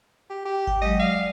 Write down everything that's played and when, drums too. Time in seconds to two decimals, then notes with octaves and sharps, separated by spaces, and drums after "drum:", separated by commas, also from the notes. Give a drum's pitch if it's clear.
0.30 G4
0.45 G4
0.67 G5, drum: kick G#1
0.82 F#3 G#3 D#5
1.00 D5 F5